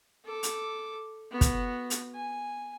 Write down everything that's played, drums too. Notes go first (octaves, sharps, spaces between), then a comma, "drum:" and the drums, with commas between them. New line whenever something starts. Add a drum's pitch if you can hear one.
A4 D6
drum: hi-hat
B3 F#4
drum: kick, hi-hat
drum: hi-hat
G#5